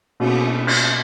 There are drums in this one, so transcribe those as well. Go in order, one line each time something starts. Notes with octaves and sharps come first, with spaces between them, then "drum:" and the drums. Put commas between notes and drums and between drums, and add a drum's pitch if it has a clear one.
B2 A#3 C#4, drum: cymbal
drum: cymbal